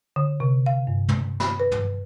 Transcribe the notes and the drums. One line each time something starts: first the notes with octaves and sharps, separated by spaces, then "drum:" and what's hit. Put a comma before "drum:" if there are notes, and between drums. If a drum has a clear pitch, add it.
D3
C3
F5
G2
drum: tom
B5, drum: snare
B4
drum: tom